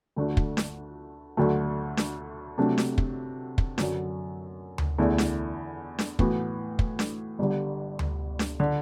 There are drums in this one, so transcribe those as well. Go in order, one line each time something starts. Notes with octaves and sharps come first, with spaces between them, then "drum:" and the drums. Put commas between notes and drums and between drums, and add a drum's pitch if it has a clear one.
D2 D3 A3 D4 F#4
drum: kick
drum: snare D4
D2 D3 F#3 A3
drum: snare D4
C3 F#3 A3 D4
drum: snare D4
drum: kick
drum: kick
F#2 D3 F#3, drum: snare D4
drum: tom D2
E2 D3 A3 E4
drum: snare D4
drum: snare D4
A2 E3 B3 F#4, drum: kick
drum: kick
drum: snare D4
G1 G2 D3 G3
drum: tom D2
drum: snare D4
D3